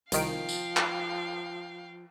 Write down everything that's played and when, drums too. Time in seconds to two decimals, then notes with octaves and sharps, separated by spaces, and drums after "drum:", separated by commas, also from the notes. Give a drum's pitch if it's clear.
0.12 C2 D#3 F3 F5 G5 D7, drum: hi-hat
0.49 drum: tambourine
0.77 drum: clap